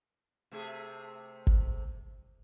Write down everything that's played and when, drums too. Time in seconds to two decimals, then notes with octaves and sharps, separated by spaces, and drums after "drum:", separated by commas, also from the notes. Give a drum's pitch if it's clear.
0.52 C3 A3 G#4
1.47 drum: kick G1